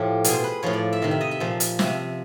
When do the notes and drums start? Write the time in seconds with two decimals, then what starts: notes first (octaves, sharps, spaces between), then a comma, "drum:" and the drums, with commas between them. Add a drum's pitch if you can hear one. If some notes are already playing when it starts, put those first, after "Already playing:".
Already playing: A2 F3 F4 G4
0.24 B2 G#4, drum: hi-hat
0.34 C5
0.44 B4
0.63 A2 F3 C#5
0.73 D5
0.93 E5
1.02 C3 D#3 F5
1.11 E5
1.21 D#5
1.31 E5
1.40 A#2 F3
1.60 drum: hi-hat
1.79 C3 F3 E5, drum: snare